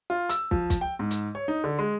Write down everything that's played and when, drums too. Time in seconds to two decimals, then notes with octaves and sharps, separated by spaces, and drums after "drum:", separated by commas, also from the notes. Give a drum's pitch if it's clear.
0.10 F4
0.29 E6, drum: hi-hat
0.51 F3, drum: kick
0.70 drum: kick, hi-hat
0.81 G5
0.99 G#2
1.11 drum: hi-hat
1.35 C#5
1.48 D#4
1.64 D3
1.79 G#3